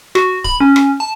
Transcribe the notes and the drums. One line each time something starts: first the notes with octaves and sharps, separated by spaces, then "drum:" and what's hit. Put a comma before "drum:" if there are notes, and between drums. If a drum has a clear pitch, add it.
F#4, drum: rim click
B5, drum: kick C#1
C#4
drum: rim click
A5